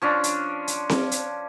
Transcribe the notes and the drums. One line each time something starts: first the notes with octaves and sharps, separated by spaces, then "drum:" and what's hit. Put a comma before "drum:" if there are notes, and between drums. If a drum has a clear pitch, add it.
F3 C#4 D4
drum: hi-hat
drum: hi-hat
drum: snare C4
drum: hi-hat